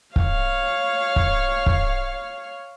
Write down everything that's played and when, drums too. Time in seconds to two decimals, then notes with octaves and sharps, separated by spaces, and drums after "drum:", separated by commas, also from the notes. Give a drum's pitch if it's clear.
0.16 C#5 F5, drum: kick
1.16 drum: kick
1.66 drum: kick